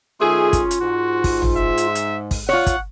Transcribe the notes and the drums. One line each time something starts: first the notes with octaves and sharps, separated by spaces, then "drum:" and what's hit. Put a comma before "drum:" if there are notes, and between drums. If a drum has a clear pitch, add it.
D#3 A3 C#4 F4 G#4
drum: kick, hi-hat
drum: hi-hat
G#2 F#4
drum: kick, open hi-hat
drum: tom
E5
drum: hi-hat
drum: hi-hat
drum: kick, open hi-hat
F4 C#5 F#5
drum: kick, hi-hat